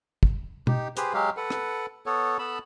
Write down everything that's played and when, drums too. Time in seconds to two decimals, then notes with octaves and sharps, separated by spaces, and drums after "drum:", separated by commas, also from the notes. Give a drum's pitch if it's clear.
0.23 drum: kick
0.67 D#4 G4, drum: tom B2
0.97 G4 G#4 B4 C5, drum: hi-hat
1.14 F#3 G#3 G4 F5
1.37 A4 B4 F#5
1.50 drum: rim click
2.06 B3 A4 C#5
2.39 B3 A4 A5 B5